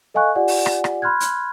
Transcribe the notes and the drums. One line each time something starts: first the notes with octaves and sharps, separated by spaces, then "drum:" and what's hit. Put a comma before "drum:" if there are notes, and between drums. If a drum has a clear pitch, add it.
A4 D#5 F5 G#5 C#6 F#6
F4 G4 D5 F#5 G#5
drum: open hi-hat
drum: rim click
drum: rim click
B5 C6 F6 F#6 G#6
drum: hi-hat